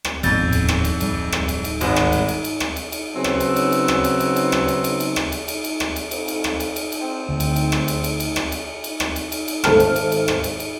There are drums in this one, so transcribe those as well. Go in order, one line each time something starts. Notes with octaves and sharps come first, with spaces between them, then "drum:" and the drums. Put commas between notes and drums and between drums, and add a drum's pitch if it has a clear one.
drum: rim click
A1 F2 B3 G6 A6, drum: cymbal
D#1 A2 B3
drum: cymbal
drum: rim click
drum: cymbal
D1 G3, drum: cymbal
drum: rim click
drum: cymbal
drum: cymbal
G#1 G#2, drum: cymbal
drum: rim click
drum: cymbal
drum: cymbal
drum: cymbal
drum: rim click
drum: cymbal
drum: cymbal
C#3 F#3 B3 C4
drum: rim click
drum: cymbal
drum: cymbal
drum: cymbal
drum: rim click
drum: cymbal
drum: cymbal
drum: cymbal
drum: rim click
drum: cymbal
drum: cymbal
drum: cymbal
drum: rim click
drum: cymbal
drum: cymbal
drum: cymbal
drum: rim click
drum: cymbal
F2, drum: cymbal
drum: cymbal
drum: rim click
drum: cymbal
drum: cymbal
drum: cymbal
C4
D2
drum: cymbal
drum: cymbal
drum: rim click
drum: cymbal
drum: cymbal
drum: cymbal
drum: rim click
drum: cymbal
drum: cymbal
drum: rim click
drum: cymbal
drum: cymbal
drum: cymbal
G#1 A4 A5 F6, drum: rim click
drum: cymbal
drum: cymbal
drum: cymbal
drum: rim click
drum: cymbal
drum: cymbal